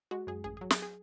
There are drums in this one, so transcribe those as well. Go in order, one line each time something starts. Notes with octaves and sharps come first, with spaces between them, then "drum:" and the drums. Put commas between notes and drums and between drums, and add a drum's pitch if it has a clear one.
G#3 F#4
F#2 G#4
A1 G#4
F#3 G#4
G#4, drum: snare
G#4